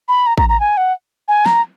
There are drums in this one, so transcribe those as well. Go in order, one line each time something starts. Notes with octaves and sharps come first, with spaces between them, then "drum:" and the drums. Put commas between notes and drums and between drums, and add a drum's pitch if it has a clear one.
B5
A#5
A#5, drum: kick
A#5
G#5
F#5
G#5
A#5, drum: snare